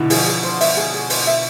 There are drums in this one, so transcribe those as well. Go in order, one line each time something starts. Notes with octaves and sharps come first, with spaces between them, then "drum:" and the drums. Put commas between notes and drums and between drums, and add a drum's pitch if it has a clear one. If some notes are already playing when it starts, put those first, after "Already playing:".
Already playing: B2 D3 E3
F3 G#4, drum: open hi-hat
G#4
C5
E5, drum: open hi-hat
G#4
G#4
C5, drum: open hi-hat
E5